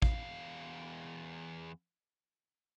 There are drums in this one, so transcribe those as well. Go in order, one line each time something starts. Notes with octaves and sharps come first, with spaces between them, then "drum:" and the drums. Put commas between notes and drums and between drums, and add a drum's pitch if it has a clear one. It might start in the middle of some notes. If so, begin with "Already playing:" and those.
E2 F5, drum: kick